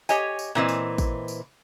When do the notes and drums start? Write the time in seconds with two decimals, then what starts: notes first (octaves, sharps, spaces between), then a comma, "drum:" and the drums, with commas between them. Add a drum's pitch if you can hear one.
0.09 G4 C#5 D#5 G#5, drum: tambourine
0.39 drum: tambourine
0.55 A#2 E3 C4 D#5
0.69 drum: tambourine
0.98 drum: kick A1, tambourine
1.28 drum: tambourine